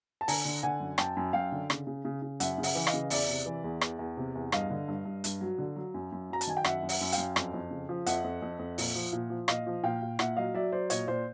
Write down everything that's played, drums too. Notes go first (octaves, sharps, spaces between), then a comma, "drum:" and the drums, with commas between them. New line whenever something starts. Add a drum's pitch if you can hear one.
A5
D3 G#5 A#5, drum: open hi-hat
D3
D3 F#5 G#5
F#2
F#2 G5 A5, drum: rim click
F#2
F#2 F5 G5
D3
C#3, drum: rim click
C#3
C#3
C#3
F#2 E5 F#5, drum: hi-hat
C#3
E5 F#5, drum: open hi-hat
E3
D#5 F5, drum: rim click
C#3
E2 D5 E5, drum: open hi-hat
C3
E3
E2
E2, drum: rim click
E2
C3
E2
G2 D#5 F5, drum: rim click
D3
G2
G2
G2, drum: hi-hat
F#3
D3
F#3
F#2
F#2
F#3 A#5
A5, drum: hi-hat
D#3 G#5
G5
F#2 E5 F#5, drum: rim click
F#2
E5 F#5, drum: open hi-hat
F#2
F5 G5, drum: hi-hat
F#2
F2, drum: rim click
F2
C#3
F3
F2 E5 F#5, drum: hi-hat
F2
F2
F2
A#2, drum: open hi-hat
F3
A#2
F3
A#2 D#5 F5, drum: rim click
F3
A#2 F5 G5
A#2
A#2 E5 F#5, drum: rim click
F#3 D#5 F5
F#3 D5 E5
F#3 C5 D5
A#2 C#5 D#5, drum: hi-hat
A#2 C5 D5